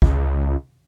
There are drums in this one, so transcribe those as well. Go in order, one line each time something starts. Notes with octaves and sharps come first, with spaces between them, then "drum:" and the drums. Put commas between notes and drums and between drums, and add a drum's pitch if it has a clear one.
C#2, drum: kick